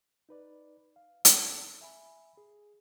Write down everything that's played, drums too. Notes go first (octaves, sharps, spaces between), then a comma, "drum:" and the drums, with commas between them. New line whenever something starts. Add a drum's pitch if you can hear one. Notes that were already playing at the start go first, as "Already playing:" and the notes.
D#4 B4 D5
F5
C4 A4 D5 A5, drum: hi-hat
E5 G#5 B5
G#4